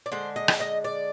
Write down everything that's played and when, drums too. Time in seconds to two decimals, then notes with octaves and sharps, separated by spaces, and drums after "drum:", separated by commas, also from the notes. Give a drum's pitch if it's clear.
0.06 D5
0.12 D3 G#3 C5
0.36 D#5
0.48 drum: rim click
0.60 D#5
0.84 D5